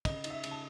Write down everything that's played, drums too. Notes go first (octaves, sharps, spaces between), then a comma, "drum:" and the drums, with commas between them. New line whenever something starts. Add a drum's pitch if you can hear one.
C#3 D#5, drum: kick, cymbal
D#4, drum: cymbal
E5
C#3, drum: cymbal
A5